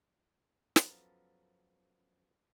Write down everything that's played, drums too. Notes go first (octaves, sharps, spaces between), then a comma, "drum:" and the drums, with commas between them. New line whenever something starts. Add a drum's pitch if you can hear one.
F#2 F3 B3 A4 A#4, drum: snare